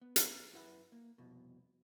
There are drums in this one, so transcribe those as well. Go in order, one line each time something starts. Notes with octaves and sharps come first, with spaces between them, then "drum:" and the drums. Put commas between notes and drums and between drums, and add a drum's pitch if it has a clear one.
B3
drum: hi-hat
F#2 E4 B4 E5 F#5 B5
A#3
C2 F2 B2